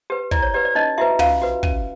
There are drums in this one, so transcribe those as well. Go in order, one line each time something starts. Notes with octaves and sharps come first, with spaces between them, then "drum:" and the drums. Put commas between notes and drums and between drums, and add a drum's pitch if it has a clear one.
G4 B4
E4 D5, drum: kick
C#5
G4 B4 D5
D5
C#4 D#4 D#5
E4 F#4 B4 E5
C#4 F4 F5, drum: tom
F#4 B4
C#4, drum: kick